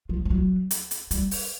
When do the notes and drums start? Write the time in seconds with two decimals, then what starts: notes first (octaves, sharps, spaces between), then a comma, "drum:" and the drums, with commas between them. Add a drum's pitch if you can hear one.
0.09 F3
0.25 F3
0.30 F#3
0.71 drum: hi-hat
0.91 drum: hi-hat
1.11 G3, drum: hi-hat
1.31 drum: open hi-hat